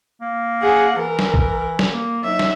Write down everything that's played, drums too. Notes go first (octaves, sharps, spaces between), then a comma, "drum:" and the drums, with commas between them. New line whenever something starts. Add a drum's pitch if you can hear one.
A#3
G#4 F#5
E3 A#4
drum: snare
drum: kick B1
drum: snare
A#3
F#3 D#4 E5
drum: snare